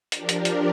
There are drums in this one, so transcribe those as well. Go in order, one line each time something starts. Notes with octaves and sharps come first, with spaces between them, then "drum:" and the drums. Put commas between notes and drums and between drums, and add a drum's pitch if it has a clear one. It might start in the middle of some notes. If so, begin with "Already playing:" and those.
F3 D4 G4 A#4 D5, drum: hi-hat
drum: hi-hat
drum: hi-hat